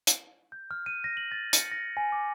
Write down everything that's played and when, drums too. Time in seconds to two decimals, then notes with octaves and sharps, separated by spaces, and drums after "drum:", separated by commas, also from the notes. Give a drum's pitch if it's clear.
0.07 drum: hi-hat
0.52 G6
0.71 F6
0.86 D#7
1.04 A#6
1.17 F#7
1.32 A6
1.53 C#7, drum: hi-hat
1.72 A#6
1.97 G#5
2.12 D6